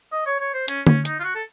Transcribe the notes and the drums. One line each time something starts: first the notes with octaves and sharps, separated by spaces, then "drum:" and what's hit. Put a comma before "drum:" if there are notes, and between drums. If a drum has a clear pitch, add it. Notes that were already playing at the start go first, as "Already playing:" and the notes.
D#5
C#5
C#5
C5
C#4, drum: hi-hat
C#4, drum: tom D3
D#4, drum: hi-hat
F4
F#4
A4